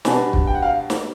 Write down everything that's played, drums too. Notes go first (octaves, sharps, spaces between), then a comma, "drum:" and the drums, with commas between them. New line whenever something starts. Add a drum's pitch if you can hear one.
B2 G3 B3 D4 G#5, drum: snare
drum: kick
G5
F#5
F5
drum: snare